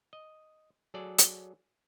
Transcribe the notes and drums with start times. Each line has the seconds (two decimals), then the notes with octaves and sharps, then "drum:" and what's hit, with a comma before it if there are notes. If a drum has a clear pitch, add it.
0.13 D#5
0.94 F#3 G#4 A4 D5
1.18 drum: hi-hat